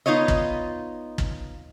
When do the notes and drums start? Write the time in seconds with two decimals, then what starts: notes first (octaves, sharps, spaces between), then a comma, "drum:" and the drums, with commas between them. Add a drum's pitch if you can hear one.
0.06 B3 D#4 F4 C#5 D#5
0.28 drum: kick
1.18 drum: kick